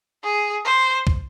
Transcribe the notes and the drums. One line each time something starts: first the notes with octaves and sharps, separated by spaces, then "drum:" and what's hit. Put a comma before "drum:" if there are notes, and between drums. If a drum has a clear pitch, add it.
G#4
C5
drum: kick